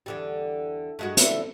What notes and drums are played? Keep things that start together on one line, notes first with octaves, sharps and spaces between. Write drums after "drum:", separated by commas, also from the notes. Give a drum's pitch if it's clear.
E2 D3 G3
G2 G#3 F#4
D3 E4, drum: hi-hat